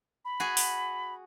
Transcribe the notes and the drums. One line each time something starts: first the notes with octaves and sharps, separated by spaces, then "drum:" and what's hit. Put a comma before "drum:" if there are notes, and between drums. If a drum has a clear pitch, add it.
B5
F#4 G#4
drum: open hi-hat